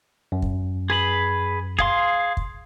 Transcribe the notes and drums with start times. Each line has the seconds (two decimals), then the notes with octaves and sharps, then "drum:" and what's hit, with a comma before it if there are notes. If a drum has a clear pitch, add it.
0.32 F#2
0.42 drum: kick
0.90 G#4 B4 B5
1.79 G#4 F5 C6, drum: kick
2.37 drum: kick